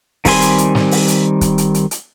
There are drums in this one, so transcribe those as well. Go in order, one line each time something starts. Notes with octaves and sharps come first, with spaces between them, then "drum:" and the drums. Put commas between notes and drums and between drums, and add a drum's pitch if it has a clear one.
D#3 G3 C4 G#5 C6, drum: kick, open hi-hat
drum: hi-hat
drum: hi-hat
drum: snare
drum: open hi-hat
drum: hi-hat
drum: kick, hi-hat
drum: hi-hat
drum: hi-hat
drum: hi-hat